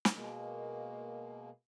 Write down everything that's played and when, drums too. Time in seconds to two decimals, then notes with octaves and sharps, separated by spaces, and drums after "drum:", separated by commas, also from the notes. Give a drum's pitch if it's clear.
0.05 drum: snare
0.14 B2 G#3 A#3